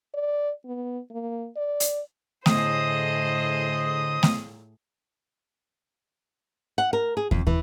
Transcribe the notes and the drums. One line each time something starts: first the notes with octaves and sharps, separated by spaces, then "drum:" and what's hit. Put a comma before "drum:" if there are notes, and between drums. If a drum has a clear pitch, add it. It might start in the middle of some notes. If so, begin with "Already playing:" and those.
D5
B3
A#3
D5
drum: hi-hat
A2 D3 G#4 C5 D#5 D#6, drum: snare A3
drum: snare A3
F#5
A#4
G#4
F2, drum: kick
E3, drum: kick